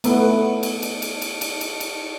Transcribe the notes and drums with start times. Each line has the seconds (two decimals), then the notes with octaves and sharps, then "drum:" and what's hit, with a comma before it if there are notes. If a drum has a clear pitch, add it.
0.04 A3 B3, drum: cymbal
0.63 drum: cymbal
0.82 drum: cymbal
1.02 drum: cymbal
1.22 drum: cymbal
1.41 drum: cymbal
1.61 drum: cymbal
1.80 drum: cymbal